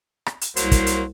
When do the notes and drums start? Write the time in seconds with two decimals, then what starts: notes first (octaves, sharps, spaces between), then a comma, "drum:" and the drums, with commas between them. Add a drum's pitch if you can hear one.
0.26 drum: rim click
0.41 drum: hi-hat
0.56 C2 F#3 A#3 C5, drum: hi-hat
0.71 drum: kick, hi-hat
0.86 drum: hi-hat